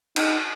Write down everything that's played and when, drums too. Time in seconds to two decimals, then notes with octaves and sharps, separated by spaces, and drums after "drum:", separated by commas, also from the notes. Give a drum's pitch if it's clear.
0.16 D#4, drum: cymbal